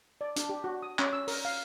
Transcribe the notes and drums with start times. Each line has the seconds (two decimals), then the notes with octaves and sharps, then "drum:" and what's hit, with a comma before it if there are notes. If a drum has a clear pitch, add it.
0.21 D5
0.36 D4, drum: hi-hat
0.49 G4
0.64 F#4
0.82 D#6
0.99 C#4, drum: clap
1.13 E6
1.28 A#4, drum: open hi-hat
1.45 F5